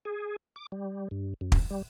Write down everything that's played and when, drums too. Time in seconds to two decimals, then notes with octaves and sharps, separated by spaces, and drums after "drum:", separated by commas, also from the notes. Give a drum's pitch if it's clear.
0.05 G#4
0.56 D6
0.72 G3
1.11 G2
1.41 F#2
1.52 drum: kick
1.70 G3